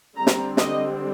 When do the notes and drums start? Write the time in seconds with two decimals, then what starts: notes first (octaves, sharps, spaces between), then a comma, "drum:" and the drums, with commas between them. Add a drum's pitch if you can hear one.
0.17 D3 G3 C4 A#5
0.27 drum: snare
0.57 D#5, drum: snare